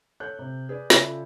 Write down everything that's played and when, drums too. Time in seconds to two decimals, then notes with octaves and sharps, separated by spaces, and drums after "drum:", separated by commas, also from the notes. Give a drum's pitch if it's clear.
0.20 A4 C#5 F#6 G6
0.39 C3
0.69 G#4 B4 D5
0.90 C#3 F4 A4 D5 E5 B5, drum: snare